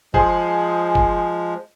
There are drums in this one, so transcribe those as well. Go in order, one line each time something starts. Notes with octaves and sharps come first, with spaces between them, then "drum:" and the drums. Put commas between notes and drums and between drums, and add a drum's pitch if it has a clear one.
F3 G#3 G#4 C5, drum: kick F#1
drum: kick F#1